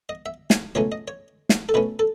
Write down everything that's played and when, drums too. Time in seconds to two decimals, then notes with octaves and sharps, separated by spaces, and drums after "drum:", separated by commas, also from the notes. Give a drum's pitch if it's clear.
0.09 D#5
0.26 E5
0.50 G#5, drum: snare
0.75 C#2 B2 F#3 A3 C#4 C#5
0.92 D#5
1.08 C#5
1.49 drum: snare
1.69 A4
1.74 B2 A3 C#4 B4
1.99 A4